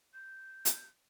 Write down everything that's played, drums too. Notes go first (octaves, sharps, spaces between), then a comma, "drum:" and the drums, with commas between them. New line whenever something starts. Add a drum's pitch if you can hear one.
G6
drum: hi-hat